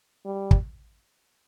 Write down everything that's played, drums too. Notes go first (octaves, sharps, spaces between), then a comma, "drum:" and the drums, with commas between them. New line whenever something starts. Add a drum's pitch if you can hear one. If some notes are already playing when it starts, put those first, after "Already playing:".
G3
drum: kick